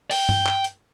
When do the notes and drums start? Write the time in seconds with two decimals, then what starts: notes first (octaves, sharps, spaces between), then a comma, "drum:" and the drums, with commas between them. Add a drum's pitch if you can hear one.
0.11 G5, drum: open hi-hat
0.29 drum: tom G2
0.47 drum: clap
0.64 drum: hi-hat